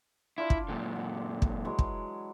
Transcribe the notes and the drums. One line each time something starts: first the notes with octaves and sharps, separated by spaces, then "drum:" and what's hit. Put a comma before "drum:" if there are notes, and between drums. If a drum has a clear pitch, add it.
D4 E4 F4 D5
drum: kick
F#2 A#2 D3
F#5
drum: kick
E3 F#3 G#3
drum: kick